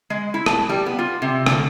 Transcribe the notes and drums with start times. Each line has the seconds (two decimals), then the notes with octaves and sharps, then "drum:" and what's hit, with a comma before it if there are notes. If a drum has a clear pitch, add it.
0.10 G#3
0.34 E4
0.46 A5, drum: rim click
0.69 G3
0.86 B3
0.99 F4
1.22 C3
1.46 D3, drum: rim click